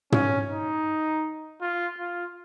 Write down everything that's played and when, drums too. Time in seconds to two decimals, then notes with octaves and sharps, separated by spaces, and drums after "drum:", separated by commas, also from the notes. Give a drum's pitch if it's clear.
0.12 C#4, drum: tom
0.50 D#4
1.62 F4
1.99 F4